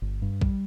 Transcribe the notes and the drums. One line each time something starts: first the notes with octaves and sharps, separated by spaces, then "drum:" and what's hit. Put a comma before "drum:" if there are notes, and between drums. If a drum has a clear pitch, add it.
G1
G2
G3, drum: kick A#1